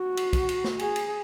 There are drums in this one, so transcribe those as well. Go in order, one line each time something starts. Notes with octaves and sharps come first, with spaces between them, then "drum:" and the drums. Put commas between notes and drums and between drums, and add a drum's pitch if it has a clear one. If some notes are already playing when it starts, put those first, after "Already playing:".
Already playing: F#4
drum: cymbal
drum: kick, cymbal
drum: cymbal
drum: snare
G#4, drum: cymbal
drum: cymbal